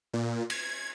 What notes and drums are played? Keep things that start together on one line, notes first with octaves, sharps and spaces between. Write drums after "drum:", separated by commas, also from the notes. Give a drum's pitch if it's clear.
A#2
G#6, drum: cymbal